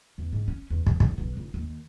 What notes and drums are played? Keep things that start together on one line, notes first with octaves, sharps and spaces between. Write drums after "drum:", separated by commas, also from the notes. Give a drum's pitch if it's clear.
E2
G#2
C#4
E2
E2, drum: kick
E2, drum: kick
B1
F1
D#2